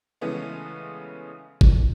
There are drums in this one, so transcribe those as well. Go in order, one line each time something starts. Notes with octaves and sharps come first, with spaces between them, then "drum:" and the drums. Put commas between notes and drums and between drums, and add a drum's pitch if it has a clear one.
C#3 E3 G#3 A3 B3 C#4
drum: kick G1